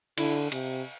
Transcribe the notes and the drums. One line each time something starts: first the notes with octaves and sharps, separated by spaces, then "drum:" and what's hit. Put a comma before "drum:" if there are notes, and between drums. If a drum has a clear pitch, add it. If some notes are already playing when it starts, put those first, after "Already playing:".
D3 E4, drum: cymbal
C3, drum: cymbal